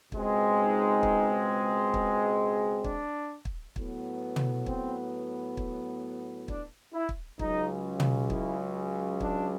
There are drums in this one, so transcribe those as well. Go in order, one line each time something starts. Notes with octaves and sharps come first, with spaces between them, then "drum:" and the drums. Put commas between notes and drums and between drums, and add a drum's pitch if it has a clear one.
C#2 B2 G#3 C4, drum: kick
D#4
drum: kick
drum: kick
D4, drum: kick
drum: kick
A2 F#3 B3, drum: kick
drum: tom
C4, drum: kick
drum: kick
D4, drum: kick
E4
drum: kick
C#2 C#3 F#3 D#4, drum: kick
drum: tom
E4, drum: kick
D4, drum: kick